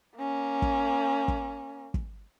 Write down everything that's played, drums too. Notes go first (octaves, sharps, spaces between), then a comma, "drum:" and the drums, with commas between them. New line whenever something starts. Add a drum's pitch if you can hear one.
A#3 C#4
drum: kick
drum: kick
drum: kick